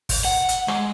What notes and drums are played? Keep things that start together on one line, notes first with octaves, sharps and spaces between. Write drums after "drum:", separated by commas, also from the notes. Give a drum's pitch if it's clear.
drum: kick G#1, open hi-hat
F#5
drum: hi-hat
G#3, drum: rim click